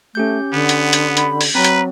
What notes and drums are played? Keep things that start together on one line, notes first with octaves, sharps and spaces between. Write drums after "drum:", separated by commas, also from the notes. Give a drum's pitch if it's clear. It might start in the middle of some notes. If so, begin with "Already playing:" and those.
A3 C#4 G4 G6
D3 B3
drum: hi-hat
drum: hi-hat
B5, drum: hi-hat
drum: open hi-hat
F#3 C4 B4 A#5
drum: hi-hat